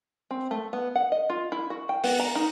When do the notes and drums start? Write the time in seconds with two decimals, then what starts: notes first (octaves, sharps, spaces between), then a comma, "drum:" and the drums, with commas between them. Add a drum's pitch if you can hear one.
0.31 C4
0.51 A3
0.73 B3
0.95 F#5
1.12 D#5
1.30 F4
1.52 E4
1.70 F#4
1.89 G5
2.04 B3, drum: open hi-hat
2.20 A#5
2.35 D#4